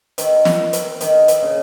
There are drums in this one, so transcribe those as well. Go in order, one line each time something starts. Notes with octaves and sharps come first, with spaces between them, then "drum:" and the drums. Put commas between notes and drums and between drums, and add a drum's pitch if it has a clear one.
D#3, drum: hi-hat
drum: snare
drum: hi-hat
D#3, drum: hi-hat
drum: hi-hat
C#3